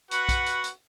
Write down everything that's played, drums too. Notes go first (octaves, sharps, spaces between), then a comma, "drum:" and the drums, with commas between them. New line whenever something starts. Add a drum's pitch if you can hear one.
F#4 B4 F#5, drum: hi-hat
drum: kick, hi-hat
drum: hi-hat
drum: hi-hat